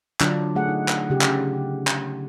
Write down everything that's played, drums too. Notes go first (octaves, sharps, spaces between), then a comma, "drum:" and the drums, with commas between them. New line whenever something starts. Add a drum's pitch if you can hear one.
D3 F#3 D4 F4, drum: clap
A3 G#4 F#5
D#4
drum: clap
C#3 G4
drum: clap
drum: clap